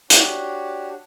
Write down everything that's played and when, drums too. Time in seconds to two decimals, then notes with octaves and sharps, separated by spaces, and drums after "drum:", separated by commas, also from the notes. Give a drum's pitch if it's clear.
0.10 D4 F#4 G4 C#5, drum: hi-hat